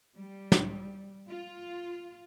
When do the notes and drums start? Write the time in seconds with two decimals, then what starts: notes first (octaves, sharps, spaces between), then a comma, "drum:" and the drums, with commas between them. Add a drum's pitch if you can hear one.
0.18 G3
0.52 drum: snare
1.30 F4